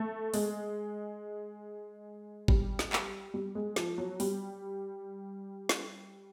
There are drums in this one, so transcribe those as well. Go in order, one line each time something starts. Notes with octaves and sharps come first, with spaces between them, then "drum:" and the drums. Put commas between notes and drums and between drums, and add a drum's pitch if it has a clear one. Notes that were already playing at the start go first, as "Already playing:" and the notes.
Already playing: A3
G#3, drum: open hi-hat
G3, drum: kick G#1
drum: snare
drum: clap
G3
G#3
F3, drum: snare
F#3
G3, drum: open hi-hat
drum: snare